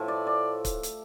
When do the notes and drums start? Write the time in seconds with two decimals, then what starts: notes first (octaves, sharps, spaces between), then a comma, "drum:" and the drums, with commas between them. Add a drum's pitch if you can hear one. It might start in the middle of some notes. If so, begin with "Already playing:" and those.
Already playing: A2 F3 A3
0.08 D5
0.27 D5
0.65 drum: kick C#1, hi-hat
0.83 drum: hi-hat